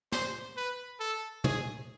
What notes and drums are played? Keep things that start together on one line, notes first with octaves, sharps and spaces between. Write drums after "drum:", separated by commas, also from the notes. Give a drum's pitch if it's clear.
C5, drum: snare
B4
A4
G#4, drum: tom